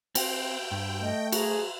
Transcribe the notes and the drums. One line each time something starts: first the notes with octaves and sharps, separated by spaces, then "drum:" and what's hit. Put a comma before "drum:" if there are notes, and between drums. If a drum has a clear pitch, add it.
C4 G5, drum: cymbal
G2
A3 D#5
F#4 G#4 A#5, drum: cymbal